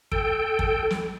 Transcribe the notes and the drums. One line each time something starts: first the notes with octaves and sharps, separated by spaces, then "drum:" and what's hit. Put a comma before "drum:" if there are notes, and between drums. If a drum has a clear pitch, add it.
A4 G5, drum: kick
drum: kick
drum: snare